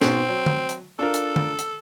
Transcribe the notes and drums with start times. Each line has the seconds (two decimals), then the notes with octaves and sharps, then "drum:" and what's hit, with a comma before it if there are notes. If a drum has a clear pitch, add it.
0.01 G#2 B2 C4, drum: snare
0.29 F#3
0.46 drum: tom
0.69 drum: hi-hat
0.99 D4 F4 A4 A#4
1.14 drum: hi-hat
1.36 drum: tom
1.58 drum: hi-hat